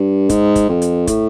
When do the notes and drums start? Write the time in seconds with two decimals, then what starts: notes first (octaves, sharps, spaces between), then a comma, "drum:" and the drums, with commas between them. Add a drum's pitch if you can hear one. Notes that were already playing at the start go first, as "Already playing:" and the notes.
Already playing: G2
0.29 G#2, drum: kick, hi-hat
0.56 drum: kick, hi-hat
0.69 F2
0.82 drum: hi-hat
1.07 A2, drum: kick, hi-hat